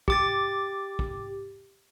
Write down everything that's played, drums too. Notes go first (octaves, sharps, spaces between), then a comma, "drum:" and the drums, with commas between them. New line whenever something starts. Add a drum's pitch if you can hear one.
G4 D6 A6, drum: kick
drum: kick